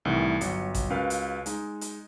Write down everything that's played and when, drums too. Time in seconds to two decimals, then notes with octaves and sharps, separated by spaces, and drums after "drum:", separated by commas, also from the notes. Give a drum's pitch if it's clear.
0.05 C2 A2 D#3 E3
0.41 G1 F#3 C#7, drum: hi-hat
0.75 drum: kick A1, hi-hat
0.90 C#2 C#4 F#4 A#4 B4 F5
1.10 drum: hi-hat
1.46 G#3 D#4, drum: hi-hat
1.81 drum: hi-hat